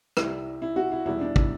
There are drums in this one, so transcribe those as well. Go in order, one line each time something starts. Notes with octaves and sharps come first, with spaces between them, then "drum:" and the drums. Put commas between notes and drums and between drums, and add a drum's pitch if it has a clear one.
C2 C3 G3 E4, drum: rim click
E4
F#4
E4
E2 B2 G3 B3 E4
D4
E4, drum: kick